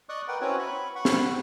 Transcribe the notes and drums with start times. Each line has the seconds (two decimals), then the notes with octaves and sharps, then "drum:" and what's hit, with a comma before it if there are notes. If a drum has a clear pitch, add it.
0.09 D5 D#5 C#6 D#6 F#6
0.28 A#4 B4 F#5 G5
0.41 C4 C#4 E4 F#4 B4 C#5
0.59 B5 C#6
0.95 F#5 B5 C#6
1.05 drum: snare